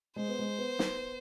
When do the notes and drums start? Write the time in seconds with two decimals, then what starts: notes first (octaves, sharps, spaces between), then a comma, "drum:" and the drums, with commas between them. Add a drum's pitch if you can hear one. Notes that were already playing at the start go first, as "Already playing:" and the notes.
0.16 G#3 C5
0.28 B3
0.39 G#3
0.58 B3
0.79 drum: snare